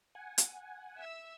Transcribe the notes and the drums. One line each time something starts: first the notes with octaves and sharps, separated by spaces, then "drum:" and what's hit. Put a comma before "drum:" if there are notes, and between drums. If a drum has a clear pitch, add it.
F#5 G#5
drum: hi-hat
E5 E6